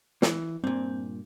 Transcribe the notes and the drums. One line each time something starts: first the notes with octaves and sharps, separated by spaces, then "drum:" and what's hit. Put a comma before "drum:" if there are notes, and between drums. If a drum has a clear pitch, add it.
E3, drum: snare
G2 A#2 C4